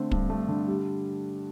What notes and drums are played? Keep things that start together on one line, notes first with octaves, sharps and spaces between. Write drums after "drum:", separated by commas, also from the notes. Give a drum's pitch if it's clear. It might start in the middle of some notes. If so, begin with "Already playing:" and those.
Already playing: D3 A3 C4
G2, drum: kick
A3
D3
G3